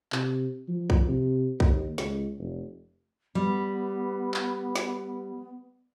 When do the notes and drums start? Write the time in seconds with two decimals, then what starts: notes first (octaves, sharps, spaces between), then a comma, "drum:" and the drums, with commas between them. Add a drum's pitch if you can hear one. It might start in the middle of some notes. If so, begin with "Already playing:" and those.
0.12 C3, drum: clap
0.68 F3
0.90 drum: kick B1
1.08 C3
1.60 D#2, drum: kick B1
1.98 C#2, drum: snare
2.38 F1
3.35 G3 B3
4.34 drum: clap
4.76 drum: snare